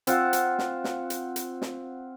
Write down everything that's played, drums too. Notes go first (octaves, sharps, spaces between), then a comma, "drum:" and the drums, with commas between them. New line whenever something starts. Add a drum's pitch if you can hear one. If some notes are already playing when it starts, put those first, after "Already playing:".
C4 F4 F#5, drum: hi-hat
drum: hi-hat
drum: snare
drum: snare
drum: hi-hat
drum: hi-hat
drum: snare